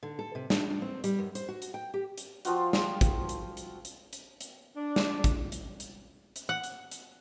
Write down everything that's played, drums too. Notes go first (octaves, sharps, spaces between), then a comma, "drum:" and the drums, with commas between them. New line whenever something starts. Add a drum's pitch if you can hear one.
D3
A4
C3
D4, drum: snare
D4
C4
G3, drum: hi-hat
F#2
C5, drum: hi-hat
F#4
drum: hi-hat
G5
G4
drum: hi-hat
F3 C4 F4 F#4, drum: hi-hat
drum: snare
drum: kick, hi-hat
drum: hi-hat
drum: hi-hat
drum: hi-hat
drum: hi-hat
drum: hi-hat
D4
drum: snare
drum: kick, hi-hat
drum: hi-hat
drum: hi-hat
drum: hi-hat
F#5
drum: hi-hat
drum: hi-hat